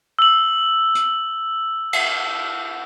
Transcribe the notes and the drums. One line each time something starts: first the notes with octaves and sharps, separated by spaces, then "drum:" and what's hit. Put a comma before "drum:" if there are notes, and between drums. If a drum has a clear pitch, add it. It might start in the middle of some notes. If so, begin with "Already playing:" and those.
E6 F#7
drum: hi-hat
drum: cymbal